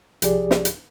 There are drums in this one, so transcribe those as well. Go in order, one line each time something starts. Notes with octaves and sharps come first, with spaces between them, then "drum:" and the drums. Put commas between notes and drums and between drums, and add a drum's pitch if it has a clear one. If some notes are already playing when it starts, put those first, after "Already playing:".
C2 F3 G4 G#4 D5, drum: hi-hat
drum: snare
drum: hi-hat